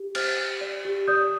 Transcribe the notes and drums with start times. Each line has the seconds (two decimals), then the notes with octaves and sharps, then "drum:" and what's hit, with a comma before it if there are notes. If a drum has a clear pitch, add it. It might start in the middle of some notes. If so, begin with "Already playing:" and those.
Already playing: G4
0.15 C5 F6 A6, drum: cymbal
0.38 G4
0.61 D5
0.85 G4
1.08 D5 D#6 G6